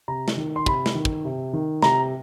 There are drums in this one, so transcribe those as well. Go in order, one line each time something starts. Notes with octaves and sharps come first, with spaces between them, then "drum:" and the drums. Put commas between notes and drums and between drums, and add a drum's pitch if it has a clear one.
C3 A#5
drum: snare
D#3
C6
C3 B5, drum: kick
drum: snare
D#3
drum: kick
C3
D#3
C3 A#5, drum: snare